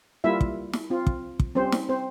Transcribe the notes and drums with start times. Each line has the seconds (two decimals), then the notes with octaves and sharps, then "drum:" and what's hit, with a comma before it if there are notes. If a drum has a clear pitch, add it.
0.24 G3 A#3 E4 F4 E5
0.41 drum: kick
0.74 drum: snare
0.90 C4 F4
1.07 drum: kick
1.40 drum: kick
1.55 G3 C4 C#4 G4 C5
1.72 drum: snare
1.89 C4 C5